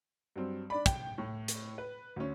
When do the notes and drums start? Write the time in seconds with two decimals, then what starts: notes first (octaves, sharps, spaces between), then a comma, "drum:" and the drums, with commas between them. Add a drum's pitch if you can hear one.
0.36 G2 F#3 C4
0.70 D4 D5 B5
0.86 G5, drum: kick, hi-hat
1.18 A2
1.48 drum: hi-hat
1.78 B4
2.16 D2 C#4